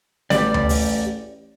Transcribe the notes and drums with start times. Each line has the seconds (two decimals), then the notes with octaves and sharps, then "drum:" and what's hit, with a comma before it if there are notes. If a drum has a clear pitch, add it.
0.30 A1 G4 D5, drum: snare
0.54 drum: tom D2
0.69 drum: open hi-hat